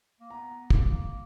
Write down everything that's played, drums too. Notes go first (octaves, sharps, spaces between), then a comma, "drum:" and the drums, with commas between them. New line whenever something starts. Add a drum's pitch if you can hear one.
A#3
B3 A#5
A#3, drum: kick